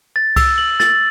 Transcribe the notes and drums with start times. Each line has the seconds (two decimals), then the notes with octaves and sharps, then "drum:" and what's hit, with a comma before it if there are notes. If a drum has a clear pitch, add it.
0.16 A6
0.36 E6, drum: kick C2, cymbal
0.58 F#7
0.80 A6, drum: snare